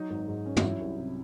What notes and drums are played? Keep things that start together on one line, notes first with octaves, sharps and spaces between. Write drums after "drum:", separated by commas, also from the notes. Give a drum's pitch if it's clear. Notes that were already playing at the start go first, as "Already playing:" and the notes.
Already playing: F#3 D#4
G#1
G#2
C#4
F#4, drum: tom
F#3 E4
C2
C3